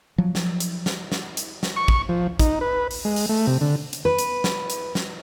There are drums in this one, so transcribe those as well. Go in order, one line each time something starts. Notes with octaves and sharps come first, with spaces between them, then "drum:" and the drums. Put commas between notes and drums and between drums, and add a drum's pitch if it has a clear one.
F3 F#3
drum: snare
drum: hi-hat
drum: snare
drum: snare
drum: hi-hat
drum: snare
C#6
drum: kick
F3
D#4, drum: kick, hi-hat
B4
drum: open hi-hat
G#3
drum: open hi-hat
A3
C3
D3
drum: hi-hat
B4
drum: hi-hat
drum: snare
drum: hi-hat
drum: snare